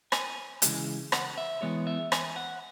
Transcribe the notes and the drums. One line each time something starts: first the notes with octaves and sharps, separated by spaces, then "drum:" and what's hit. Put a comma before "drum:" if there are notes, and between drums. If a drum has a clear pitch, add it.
G#5, drum: rim click
C#3 E3 G#3, drum: hi-hat
F#5, drum: rim click
E5
E3 G#3 B3 C#5
E5
G#5, drum: rim click
F#5